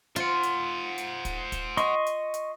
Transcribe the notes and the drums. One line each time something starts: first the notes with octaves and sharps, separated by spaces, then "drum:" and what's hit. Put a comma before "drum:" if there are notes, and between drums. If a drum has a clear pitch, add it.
F4 C5 F#5
drum: hi-hat
drum: hi-hat
drum: kick, hi-hat
drum: kick, hi-hat
D#5 C6 C#6, drum: hi-hat
drum: hi-hat
drum: hi-hat